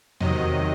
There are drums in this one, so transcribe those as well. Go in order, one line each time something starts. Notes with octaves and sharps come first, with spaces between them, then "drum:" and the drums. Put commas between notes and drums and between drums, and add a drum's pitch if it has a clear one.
C3 D#3 F#3 D#5, drum: tom E2